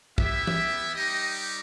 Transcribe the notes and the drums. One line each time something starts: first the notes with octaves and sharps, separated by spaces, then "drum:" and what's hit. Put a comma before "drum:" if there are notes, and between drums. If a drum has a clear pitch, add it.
B3 E4 G4 E5, drum: kick
drum: tom E3
G3 D#4 G4 D#5